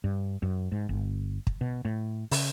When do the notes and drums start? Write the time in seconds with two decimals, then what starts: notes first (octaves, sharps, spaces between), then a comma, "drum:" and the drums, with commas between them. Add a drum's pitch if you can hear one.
0.04 G2
0.42 F#2
0.72 G#2
0.89 G1
1.47 drum: kick
1.61 B2
1.85 A2
2.31 C#3, drum: open hi-hat